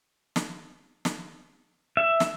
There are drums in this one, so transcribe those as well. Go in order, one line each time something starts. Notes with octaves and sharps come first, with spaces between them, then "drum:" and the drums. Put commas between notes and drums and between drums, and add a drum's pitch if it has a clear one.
drum: snare
drum: snare
E5
drum: snare